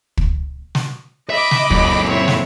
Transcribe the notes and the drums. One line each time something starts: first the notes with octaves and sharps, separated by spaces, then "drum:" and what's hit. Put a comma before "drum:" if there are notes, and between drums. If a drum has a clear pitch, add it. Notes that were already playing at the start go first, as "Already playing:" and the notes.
drum: kick
drum: snare
D#5 E5 B5 D6
drum: snare
F#2 A#2, drum: kick
C4 E4 C#5
drum: snare